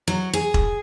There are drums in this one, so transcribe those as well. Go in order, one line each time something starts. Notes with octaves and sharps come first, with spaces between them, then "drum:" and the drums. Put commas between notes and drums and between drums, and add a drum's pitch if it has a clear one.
F#3
G#4
drum: kick E1